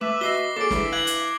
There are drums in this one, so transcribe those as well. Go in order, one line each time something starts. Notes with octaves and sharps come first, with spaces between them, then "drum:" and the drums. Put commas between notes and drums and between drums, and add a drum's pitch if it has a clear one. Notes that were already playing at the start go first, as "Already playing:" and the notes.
A3 B4 E5 D6
F#4 D#5 A#6 C7 G7
D3 F#3 A#3 G#4 A4 D6 D7
D3 E3 E4, drum: snare
F5 F#6 G#6 F#7
drum: hi-hat